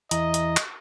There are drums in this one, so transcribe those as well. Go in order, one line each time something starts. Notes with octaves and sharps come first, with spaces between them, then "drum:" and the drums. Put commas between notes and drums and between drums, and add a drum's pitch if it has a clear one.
E2 E3 D#5 A#5, drum: hi-hat
drum: hi-hat
drum: clap